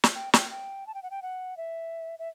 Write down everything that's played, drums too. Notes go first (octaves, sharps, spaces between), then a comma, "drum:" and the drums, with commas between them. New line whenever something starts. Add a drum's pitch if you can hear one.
drum: snare
G5
G5, drum: snare
G5
A5
G5
F#5
G5
F#5
E5
E5